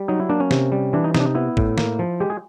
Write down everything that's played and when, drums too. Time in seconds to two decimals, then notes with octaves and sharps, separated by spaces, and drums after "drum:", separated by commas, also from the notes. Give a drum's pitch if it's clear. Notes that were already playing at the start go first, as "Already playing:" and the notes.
Already playing: G3
0.08 F#3 D#4
0.20 E4
0.29 A#3 D4
0.40 C#4
0.51 C3, drum: snare
0.72 G3
0.93 E3 D4
1.04 D#4
1.15 C3 D#4, drum: snare
1.20 D4
1.25 D#4
1.35 B3 E4
1.57 A2, drum: kick
1.78 A#3, drum: snare
1.99 F3
2.20 G#3 G4
2.30 G#4